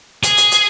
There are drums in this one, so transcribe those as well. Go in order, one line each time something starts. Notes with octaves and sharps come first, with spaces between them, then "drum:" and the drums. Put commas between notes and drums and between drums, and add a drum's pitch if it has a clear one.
G#4, drum: hi-hat
drum: hi-hat
drum: hi-hat